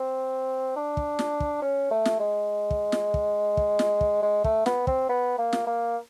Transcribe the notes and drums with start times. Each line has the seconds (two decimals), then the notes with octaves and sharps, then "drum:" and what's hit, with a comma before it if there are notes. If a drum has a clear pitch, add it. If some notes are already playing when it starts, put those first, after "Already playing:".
Already playing: C4
0.76 D4
0.97 drum: kick
1.19 drum: snare
1.40 drum: kick
1.62 C#4
1.91 A3
2.05 drum: snare
2.20 G#3
2.71 drum: kick
2.92 drum: snare
3.14 drum: kick
3.57 drum: kick
3.79 drum: snare
4.01 drum: kick
4.22 G#3
4.44 A3, drum: kick
4.66 B3, drum: snare
4.87 C4, drum: kick
5.09 B3
5.38 A#3
5.53 drum: snare
5.67 A#3